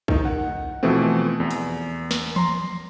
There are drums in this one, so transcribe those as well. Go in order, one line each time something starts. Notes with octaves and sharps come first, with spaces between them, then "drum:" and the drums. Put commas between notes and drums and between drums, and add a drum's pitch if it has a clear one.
D#3 D#4, drum: kick A#1
F#5
B2 E3 F3 A3 C4
E2
drum: hi-hat
drum: snare
A#5 C6, drum: tom E3